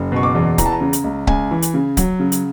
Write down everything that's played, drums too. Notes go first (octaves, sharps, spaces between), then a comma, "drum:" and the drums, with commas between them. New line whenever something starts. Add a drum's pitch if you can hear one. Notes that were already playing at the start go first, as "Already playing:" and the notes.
Already playing: F#1
B2 C#6
D6
E2
E3 A#5, drum: kick C#1, hi-hat
A5
A#5
C#3
drum: hi-hat
C#2
C#2 G#5, drum: kick C#1
E3
drum: hi-hat
C#3
F#3, drum: kick C#1, hi-hat
C#3
drum: hi-hat